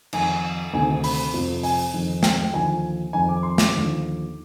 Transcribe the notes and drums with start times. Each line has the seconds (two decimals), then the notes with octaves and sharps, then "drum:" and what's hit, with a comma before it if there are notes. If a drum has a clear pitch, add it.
0.13 F2 D#3 G#5, drum: cymbal
0.73 D2 C3 D#3 G#5
1.04 B5, drum: open hi-hat
1.33 F2 C3 F3
1.63 G#5, drum: open hi-hat
1.94 F2 D#3
2.23 G5, drum: snare
2.53 D#2 D3 F3 G#5
3.13 F2 D#3 G#5
3.29 D6
3.43 C6
3.58 D6, drum: snare
3.74 D#2 D3 F3